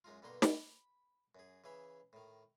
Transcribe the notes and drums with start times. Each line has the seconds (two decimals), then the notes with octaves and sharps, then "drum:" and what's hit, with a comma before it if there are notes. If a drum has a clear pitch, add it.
0.04 F#2 G#3 D#4 F4
0.22 G2 B2 D3 A#3 D#4 C6
0.42 B5, drum: snare
1.35 F#2 G#4
1.64 C#3 E3 G#4 E5
2.13 A2 D#3